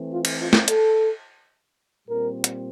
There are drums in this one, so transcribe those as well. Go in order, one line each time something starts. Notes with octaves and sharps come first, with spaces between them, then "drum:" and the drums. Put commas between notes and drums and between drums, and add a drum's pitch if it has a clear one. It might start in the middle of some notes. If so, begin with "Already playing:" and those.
Already playing: E3 A3 C4
F4
drum: cymbal
F4
drum: snare
A4, drum: hi-hat
A#2 G3 C4 A#4
drum: hi-hat